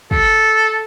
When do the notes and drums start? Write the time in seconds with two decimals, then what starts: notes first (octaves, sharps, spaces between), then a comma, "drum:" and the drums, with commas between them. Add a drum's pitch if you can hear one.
0.11 A4, drum: kick